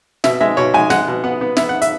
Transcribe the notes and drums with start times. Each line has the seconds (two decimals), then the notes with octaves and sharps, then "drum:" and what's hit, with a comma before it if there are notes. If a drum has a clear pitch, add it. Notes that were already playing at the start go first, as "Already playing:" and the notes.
0.24 B2 E5, drum: snare
0.41 G#3 E5
0.57 B2 C#5
0.74 G#3 G#5
0.90 G#3 F#5, drum: snare
1.08 B2
1.24 B3 F#5
1.41 B3
1.57 B3 E5, drum: snare
1.69 F#5
1.82 E5, drum: hi-hat